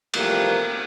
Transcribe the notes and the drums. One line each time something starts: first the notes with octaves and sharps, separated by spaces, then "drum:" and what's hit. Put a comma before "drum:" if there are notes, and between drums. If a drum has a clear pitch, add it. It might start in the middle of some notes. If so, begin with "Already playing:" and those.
E2 C3 F3 G3 A3 A#3, drum: cymbal